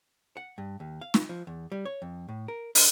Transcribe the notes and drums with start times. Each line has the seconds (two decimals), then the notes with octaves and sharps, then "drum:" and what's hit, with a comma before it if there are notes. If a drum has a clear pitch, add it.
0.37 F#5
0.58 G2
0.80 D#2
1.01 F5
1.14 drum: snare
1.29 F3
1.47 E2
1.72 G3
1.85 C#5
2.02 F2
2.29 A2
2.48 A#4
2.75 D4, drum: open hi-hat